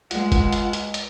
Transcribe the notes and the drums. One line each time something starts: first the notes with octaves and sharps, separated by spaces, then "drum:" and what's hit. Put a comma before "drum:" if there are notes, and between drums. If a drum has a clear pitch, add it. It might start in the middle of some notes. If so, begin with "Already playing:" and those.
C#2 G#3 F4 F#5, drum: hi-hat
drum: kick, hi-hat
drum: hi-hat
drum: hi-hat
drum: hi-hat